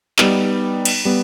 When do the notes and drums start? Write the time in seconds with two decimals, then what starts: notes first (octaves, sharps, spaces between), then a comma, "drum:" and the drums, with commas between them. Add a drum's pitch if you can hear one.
0.18 G3 B3 D#4, drum: clap
0.85 drum: cymbal
1.05 G3 B3